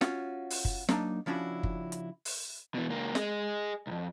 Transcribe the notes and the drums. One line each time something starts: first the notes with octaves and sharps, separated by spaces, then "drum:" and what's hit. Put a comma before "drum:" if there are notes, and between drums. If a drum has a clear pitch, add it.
C#4 F4 F#4, drum: snare
drum: open hi-hat
drum: kick
F#3 G3 A#3 C4 D4 D#4, drum: snare
C#3 F3 C#4 D4 E4 F#4
drum: kick
drum: hi-hat
drum: open hi-hat
B2 E3
C#2 A#3
G#4 D#5, drum: snare
C2 F2